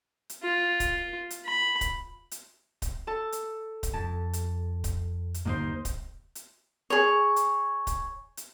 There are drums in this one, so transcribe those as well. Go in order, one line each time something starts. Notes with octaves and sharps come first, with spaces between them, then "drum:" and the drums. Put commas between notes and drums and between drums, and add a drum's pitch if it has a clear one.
drum: hi-hat
F4
drum: kick D1, hi-hat
drum: hi-hat
B5
drum: kick D1, hi-hat
drum: hi-hat
drum: kick D1, hi-hat
A4 A5
drum: hi-hat
drum: kick D1, hi-hat
F2 A5
drum: hi-hat
drum: kick D1, hi-hat
drum: hi-hat
G1 D#2 G3 A#3 D#4 C5
drum: kick D1, hi-hat
drum: hi-hat
G#4 C#5
drum: hi-hat
drum: kick D1, hi-hat
drum: hi-hat